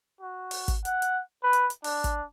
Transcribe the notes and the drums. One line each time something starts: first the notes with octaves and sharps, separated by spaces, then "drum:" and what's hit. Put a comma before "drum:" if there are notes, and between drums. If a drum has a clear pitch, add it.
F#4
drum: open hi-hat
drum: kick, hi-hat
F#5, drum: hi-hat
drum: hi-hat
B4
drum: hi-hat
drum: hi-hat
D4, drum: open hi-hat
drum: kick, hi-hat